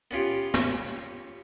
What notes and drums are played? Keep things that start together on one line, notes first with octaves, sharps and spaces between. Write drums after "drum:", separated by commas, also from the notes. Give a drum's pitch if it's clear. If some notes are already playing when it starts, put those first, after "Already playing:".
B3 C#4 F4 G4
drum: snare